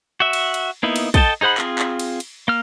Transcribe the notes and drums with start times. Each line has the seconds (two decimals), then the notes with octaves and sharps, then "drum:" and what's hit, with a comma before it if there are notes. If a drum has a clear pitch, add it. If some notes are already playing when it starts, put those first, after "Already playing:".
0.20 F#4 E5
0.33 drum: cymbal
0.54 drum: cymbal
0.83 A#3 B3 D#4 E4
0.96 drum: cymbal
1.14 A4 D#5 G5 A5, drum: kick, cymbal
1.41 D#4 G#4 C5 F#5 B5
1.58 C4 F4 G#4, drum: clap
1.79 drum: clap
1.99 drum: cymbal
2.20 drum: cymbal
2.48 A#3 F6